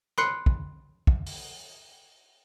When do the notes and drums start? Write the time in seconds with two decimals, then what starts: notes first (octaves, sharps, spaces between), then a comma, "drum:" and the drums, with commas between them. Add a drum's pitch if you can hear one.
0.18 B5 C6 F#6 C7 C#7, drum: rim click
0.46 drum: kick
1.07 drum: kick
1.26 drum: open hi-hat